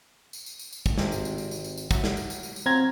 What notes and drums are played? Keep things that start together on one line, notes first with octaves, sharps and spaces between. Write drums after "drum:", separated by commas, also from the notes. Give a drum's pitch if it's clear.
drum: tambourine
drum: tambourine
drum: tambourine
drum: tambourine
drum: kick, tambourine
G#1 C3 G#5, drum: snare
drum: tambourine
drum: tambourine
drum: tambourine
drum: tambourine
drum: tambourine
drum: tambourine
F#3 E5, drum: kick, tambourine
drum: snare
drum: tambourine
drum: tambourine
drum: tambourine
drum: tambourine
F#3 C4 F4 A#5 G#6